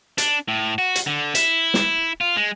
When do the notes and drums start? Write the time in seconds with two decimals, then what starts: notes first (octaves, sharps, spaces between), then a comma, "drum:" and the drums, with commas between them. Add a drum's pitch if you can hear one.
0.18 D4, drum: hi-hat
0.48 A2
0.78 F#4
0.95 drum: hi-hat
1.07 D3
1.35 E4, drum: hi-hat
1.74 drum: snare
2.21 F4
2.37 G#3